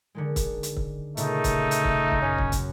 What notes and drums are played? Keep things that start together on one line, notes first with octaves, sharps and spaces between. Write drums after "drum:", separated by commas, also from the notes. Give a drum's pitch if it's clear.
D3 D#3 G#3
drum: kick, hi-hat
drum: hi-hat
drum: kick
A#2 C#3 A3 B3 D#4, drum: hi-hat
drum: kick, hi-hat
drum: hi-hat
drum: kick
drum: kick
F#2 C#4
drum: kick
drum: kick, hi-hat